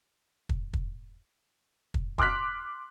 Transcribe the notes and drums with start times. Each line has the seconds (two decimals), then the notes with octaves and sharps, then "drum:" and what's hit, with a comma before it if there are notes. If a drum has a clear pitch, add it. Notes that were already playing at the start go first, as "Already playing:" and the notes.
0.49 drum: kick
0.73 drum: kick
1.94 drum: kick
2.18 C6 D6 F6 F#6 B6, drum: kick